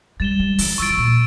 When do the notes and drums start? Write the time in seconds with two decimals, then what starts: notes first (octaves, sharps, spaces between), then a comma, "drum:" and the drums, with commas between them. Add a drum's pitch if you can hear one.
0.20 G3 A6 E7 G7
0.39 G3
0.59 E3, drum: open hi-hat
0.78 F3 C#6 E6 A6 D7
0.90 C#3
0.97 A#2